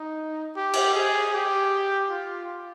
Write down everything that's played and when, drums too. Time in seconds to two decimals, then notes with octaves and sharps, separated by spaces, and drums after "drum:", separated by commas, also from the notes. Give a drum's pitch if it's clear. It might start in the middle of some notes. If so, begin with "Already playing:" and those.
Already playing: D#4
0.56 G4
0.73 drum: cymbal
0.95 G#4
1.34 G4
2.10 F4